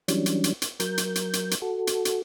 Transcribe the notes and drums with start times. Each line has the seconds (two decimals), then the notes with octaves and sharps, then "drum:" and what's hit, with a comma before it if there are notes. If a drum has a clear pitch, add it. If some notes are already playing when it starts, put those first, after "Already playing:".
0.08 E3 F#3 G3 C#4 D4, drum: hi-hat
0.26 drum: hi-hat
0.44 drum: hi-hat
0.62 drum: hi-hat
0.80 F#3 A#4 G6, drum: hi-hat
0.98 drum: hi-hat
1.15 drum: hi-hat
1.33 drum: hi-hat
1.51 drum: hi-hat
1.62 F#4 A4
1.87 drum: hi-hat
2.05 drum: hi-hat